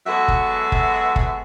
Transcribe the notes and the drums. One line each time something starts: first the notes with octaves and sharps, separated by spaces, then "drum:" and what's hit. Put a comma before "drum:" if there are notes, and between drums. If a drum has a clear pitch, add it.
F#3 G#3 B3 F#4 A4 E5
drum: kick
drum: kick
drum: kick